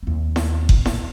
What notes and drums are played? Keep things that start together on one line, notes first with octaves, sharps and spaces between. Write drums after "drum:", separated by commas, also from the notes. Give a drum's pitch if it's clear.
D#2 C4
drum: snare E4
drum: kick F#1
drum: snare E4